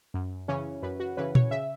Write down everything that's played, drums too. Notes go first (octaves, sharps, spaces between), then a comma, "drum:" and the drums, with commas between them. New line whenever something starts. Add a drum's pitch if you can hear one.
F#2
C#3 E3 C#4
F#2 B4
F#4
C#3 E3 C#4 B4
C#5, drum: tom A#2
C#3 E5